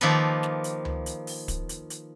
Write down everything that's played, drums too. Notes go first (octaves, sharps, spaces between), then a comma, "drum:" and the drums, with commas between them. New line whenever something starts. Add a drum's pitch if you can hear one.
D#3 F3 A#3 G4 A4 B4
drum: snare
drum: hi-hat
drum: tom C#2
drum: hi-hat
drum: open hi-hat
drum: kick, hi-hat
drum: hi-hat
drum: hi-hat